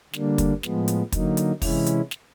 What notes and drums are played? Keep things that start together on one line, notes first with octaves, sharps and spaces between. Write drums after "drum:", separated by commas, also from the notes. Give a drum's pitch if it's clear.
D3 G3 A#3 D4, drum: snare
drum: kick, hi-hat
A2 F3 G#3 B3, drum: snare
drum: hi-hat
D3 F#3 A#3 D#4, drum: kick, hi-hat
drum: hi-hat
C3 E3 G#3 C#4 E4, drum: kick, open hi-hat
drum: hi-hat
drum: snare